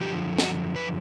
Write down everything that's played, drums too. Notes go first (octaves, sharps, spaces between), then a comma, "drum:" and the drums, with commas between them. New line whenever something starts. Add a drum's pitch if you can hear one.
F#2 D3 F3 G4
F#4, drum: snare
B4